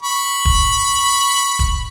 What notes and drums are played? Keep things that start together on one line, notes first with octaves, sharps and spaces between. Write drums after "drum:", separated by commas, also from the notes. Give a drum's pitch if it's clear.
B5 C#6
drum: kick E1
drum: kick E1